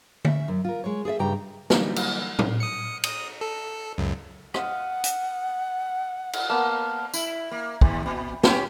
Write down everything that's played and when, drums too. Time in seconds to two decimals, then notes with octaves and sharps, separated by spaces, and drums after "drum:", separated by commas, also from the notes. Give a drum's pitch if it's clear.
0.25 C#4 E5, drum: tom D3
0.48 F#2
0.64 F4 A#4
0.84 G#3 C#5
1.05 G#4 A4 D5 E5
1.19 G2 C#3 G4 G5 A#5
1.70 D3 E3 F#3 G3 A#3 D#4, drum: snare
1.96 drum: cymbal
2.39 drum: tom
2.60 D#6 C#7
3.03 D#6, drum: cymbal
3.41 A4
3.98 C#2 F#2
4.54 D#5 F5 F#5, drum: rim click
5.04 drum: hi-hat
6.33 drum: cymbal
6.49 A#3 B3 A5 F6
7.14 E4, drum: tambourine
7.51 A#3
7.81 D#2, drum: kick
8.06 A#2
8.43 B3 C#4 G4, drum: snare